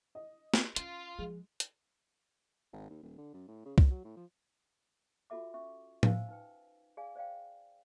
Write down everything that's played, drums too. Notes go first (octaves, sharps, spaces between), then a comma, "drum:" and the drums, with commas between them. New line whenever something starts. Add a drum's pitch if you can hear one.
D#5
drum: snare
C#4 F4 D7, drum: hi-hat
F3 G#3
drum: hi-hat
G#1
D#2
D#1
D3
F#2
A2
C#3
E2, drum: kick C2
F#3
A2
F3
F4 F#4 A4 E5 D6
C#4 E5 C#6
C5 F5 G#5 E6, drum: tom A2
D#4 B4 G5
G#4 D5 F5 G#5
C5 D5 F5 G5